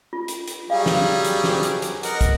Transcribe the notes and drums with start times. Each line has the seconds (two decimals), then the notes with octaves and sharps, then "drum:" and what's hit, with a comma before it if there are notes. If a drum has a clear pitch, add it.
0.13 F4
0.28 drum: hi-hat
0.48 drum: hi-hat
0.70 F#3 G3 G#4 F5
0.86 drum: snare
1.25 drum: hi-hat
1.44 C5 D6, drum: snare
1.63 drum: hi-hat
1.82 drum: hi-hat
2.03 A#4 D#5 F#5, drum: hi-hat
2.21 drum: kick, hi-hat